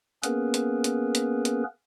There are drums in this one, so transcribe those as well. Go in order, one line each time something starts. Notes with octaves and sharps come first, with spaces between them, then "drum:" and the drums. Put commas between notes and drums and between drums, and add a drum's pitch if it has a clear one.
A#3 B3 C#4 G#4 A#4 B4, drum: hi-hat
drum: hi-hat
drum: hi-hat
drum: hi-hat
drum: hi-hat